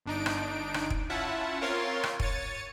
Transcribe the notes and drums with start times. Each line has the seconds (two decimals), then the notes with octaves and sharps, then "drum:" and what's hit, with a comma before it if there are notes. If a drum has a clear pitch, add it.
0.06 G1 D4 D#4 D7
0.26 drum: rim click
0.74 drum: rim click
0.90 drum: kick
1.10 C#4 E4 F4 E5 F#5 A5
1.61 C4 F4 A#4 C#5 F5 C6
2.03 drum: rim click
2.20 C#5 A6 C#7 D#7, drum: kick